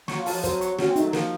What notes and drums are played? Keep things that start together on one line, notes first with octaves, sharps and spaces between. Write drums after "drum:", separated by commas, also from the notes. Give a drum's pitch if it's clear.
F#3 C#6, drum: snare
F3
F#3 A5, drum: open hi-hat
F3
F#3 C5, drum: kick, hi-hat
C#6, drum: hi-hat
C#4 F#4, drum: snare
C4
A3 D#4, drum: hi-hat
F#3
F3 A#4, drum: snare